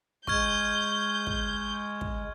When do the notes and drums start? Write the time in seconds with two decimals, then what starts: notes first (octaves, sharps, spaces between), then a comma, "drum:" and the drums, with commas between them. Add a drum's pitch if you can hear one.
0.27 G#3 C#6 F6 G6 G#6, drum: kick
1.27 drum: kick
2.01 drum: kick